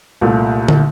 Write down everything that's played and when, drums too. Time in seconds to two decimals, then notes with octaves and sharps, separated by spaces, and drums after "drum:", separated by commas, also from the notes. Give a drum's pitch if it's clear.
0.21 C2 A#2 A3
0.68 drum: tom